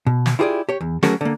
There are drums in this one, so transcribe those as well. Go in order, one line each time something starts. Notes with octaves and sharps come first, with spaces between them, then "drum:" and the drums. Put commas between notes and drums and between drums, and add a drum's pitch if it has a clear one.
B2
drum: snare
E4 F4 G4 G#4 A#4 D5
G4 C#5
E2
F#3 A3 C#4 F#4 G#4 A#4, drum: snare
D3 A#3